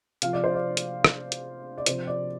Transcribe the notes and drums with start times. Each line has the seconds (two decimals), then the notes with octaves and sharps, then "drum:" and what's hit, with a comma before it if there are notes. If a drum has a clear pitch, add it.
0.22 C3 F3 F5, drum: hi-hat
0.33 D5
0.44 C5
0.54 D5
0.77 drum: hi-hat
1.04 drum: rim click
1.32 drum: hi-hat
1.78 D5
1.86 C3 F3 C5, drum: hi-hat
2.07 D5